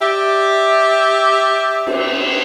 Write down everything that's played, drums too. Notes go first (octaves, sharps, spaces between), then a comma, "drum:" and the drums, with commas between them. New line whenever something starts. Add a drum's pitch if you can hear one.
G4 D5 E5
drum: cymbal